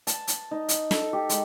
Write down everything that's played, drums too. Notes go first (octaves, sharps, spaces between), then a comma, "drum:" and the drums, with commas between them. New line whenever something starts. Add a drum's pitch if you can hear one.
A5, drum: hi-hat
drum: hi-hat
D#4
drum: hi-hat
A4, drum: snare
G4
G#3, drum: hi-hat